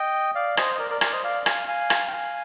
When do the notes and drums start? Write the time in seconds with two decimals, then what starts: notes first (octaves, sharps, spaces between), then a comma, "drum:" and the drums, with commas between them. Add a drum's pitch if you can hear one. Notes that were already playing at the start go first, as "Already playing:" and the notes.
Already playing: D#5 G5
0.35 D5 F5
0.57 C5 D#5, drum: rim click
0.75 D#5
0.79 A#4 D5
0.90 A#4 D5
1.01 A#4 D5, drum: rim click
1.12 C5 D#5
1.24 D5 F5
1.46 F5 G#5, drum: rim click
1.68 F5 G#5
1.90 drum: rim click
2.08 G5
2.12 F5 G#5